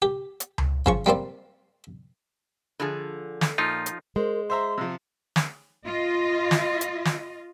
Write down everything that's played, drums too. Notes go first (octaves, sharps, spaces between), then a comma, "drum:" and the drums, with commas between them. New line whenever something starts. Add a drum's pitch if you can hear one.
G4
drum: hi-hat
drum: tom C#2
C#3 F3 C#6, drum: kick
G3 A#3 C4 D5
D3 F3 G#4
drum: snare
A#2 F3 D#4 F4
drum: hi-hat
G#3 A#4 C5
C5 E5 A#5 C6
C3 F3
drum: snare
F4 D#5
drum: snare
drum: hi-hat
drum: snare